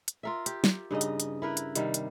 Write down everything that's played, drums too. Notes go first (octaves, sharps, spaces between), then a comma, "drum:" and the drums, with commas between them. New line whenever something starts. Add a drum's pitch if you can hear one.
drum: hi-hat
F4 A#4 E5
G4, drum: hi-hat
drum: snare
G2 C#3 D#4 D#5
drum: hi-hat
drum: hi-hat
E4 A#4 B4
drum: hi-hat
C3 D#3 G3 F5, drum: hi-hat
drum: hi-hat